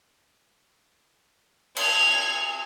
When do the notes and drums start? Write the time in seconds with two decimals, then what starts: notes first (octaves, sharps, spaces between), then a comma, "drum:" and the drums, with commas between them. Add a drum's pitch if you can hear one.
1.77 G#6 F7, drum: cymbal